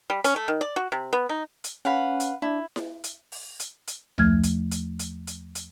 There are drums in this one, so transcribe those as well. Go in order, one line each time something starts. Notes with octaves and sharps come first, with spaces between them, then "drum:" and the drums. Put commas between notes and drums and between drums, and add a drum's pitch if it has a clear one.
G3
C#4, drum: hi-hat
A3
D#3
D5
F#4
C3
B3
D#4
drum: hi-hat
C#4 B4 F5 F#5
drum: hi-hat
D4 E4
drum: snare E4
drum: hi-hat
drum: open hi-hat
drum: hi-hat
drum: hi-hat
E2 F3 A3 F6 G#6, drum: tom C2
drum: hi-hat
drum: hi-hat
drum: hi-hat
drum: hi-hat
drum: hi-hat